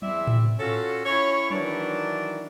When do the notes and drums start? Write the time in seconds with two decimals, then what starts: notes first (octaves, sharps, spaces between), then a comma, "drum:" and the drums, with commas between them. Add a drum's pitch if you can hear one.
0.02 E2 C4 E4 D5 E5, drum: tom F#3
0.27 drum: tom A2
0.59 C#4 F4 F#4 A4
1.05 C#4 E4 C#5
1.51 D#3 E3 F#3 D4, drum: tom F#3